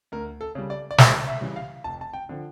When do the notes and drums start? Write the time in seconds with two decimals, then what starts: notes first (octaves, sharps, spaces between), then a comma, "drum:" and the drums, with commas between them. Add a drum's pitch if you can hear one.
0.12 D2 A#4
0.41 A4
0.55 C#3 G3
0.70 D5
0.91 D5
0.98 C#2 E5, drum: snare
1.27 E5
1.41 C#3 E3 G3
1.56 F5
1.84 F1 A5
2.01 A5
2.13 G5
2.29 D3 F3